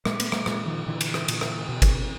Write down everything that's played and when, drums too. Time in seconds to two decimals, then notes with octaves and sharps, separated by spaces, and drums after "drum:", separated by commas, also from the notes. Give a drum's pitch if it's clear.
0.05 A#2 G#3 A#3, drum: rim click
0.20 A3 B3, drum: cymbal
0.32 G#3 A#3, drum: rim click
0.46 A#2 G#3 A#3, drum: rim click
0.66 D#3 F3
0.87 A#2 D3 E3
1.01 drum: cymbal
1.14 drum: rim click
1.28 A#2, drum: cymbal
1.41 drum: rim click
1.69 B2
1.82 drum: kick G1, cymbal